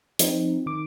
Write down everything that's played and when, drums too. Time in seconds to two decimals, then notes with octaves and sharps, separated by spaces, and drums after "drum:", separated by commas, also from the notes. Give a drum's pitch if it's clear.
0.19 F3 C4 D#4, drum: hi-hat
0.66 D#3 D6